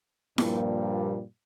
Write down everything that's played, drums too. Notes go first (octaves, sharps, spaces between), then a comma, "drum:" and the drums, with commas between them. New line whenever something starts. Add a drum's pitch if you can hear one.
G2 A#2 F3 G3 A#3, drum: snare E4